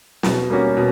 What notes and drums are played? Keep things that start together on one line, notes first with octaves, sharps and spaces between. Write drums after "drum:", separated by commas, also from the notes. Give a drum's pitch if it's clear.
B2, drum: snare
G3 A#3 C#4 F#4
B2